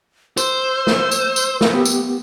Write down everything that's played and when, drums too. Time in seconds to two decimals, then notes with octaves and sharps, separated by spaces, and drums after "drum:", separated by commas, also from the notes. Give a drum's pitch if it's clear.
0.37 C5 E6, drum: tambourine
0.87 drum: snare
1.11 drum: tambourine
1.36 drum: tambourine
1.61 drum: snare
1.74 B3 G4
1.85 drum: tambourine